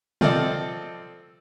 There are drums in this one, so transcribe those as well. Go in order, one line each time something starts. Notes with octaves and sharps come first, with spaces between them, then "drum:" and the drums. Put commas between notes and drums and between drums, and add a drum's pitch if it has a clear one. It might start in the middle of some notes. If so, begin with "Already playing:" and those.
F3 C4 A4 D5 D#5, drum: tom